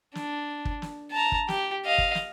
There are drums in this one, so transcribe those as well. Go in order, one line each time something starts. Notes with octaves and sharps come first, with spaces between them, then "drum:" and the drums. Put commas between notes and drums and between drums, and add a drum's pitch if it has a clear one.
D4, drum: snare
drum: kick
drum: snare
A5 A#5
drum: kick
G4, drum: snare
D#5 F5
drum: kick
drum: snare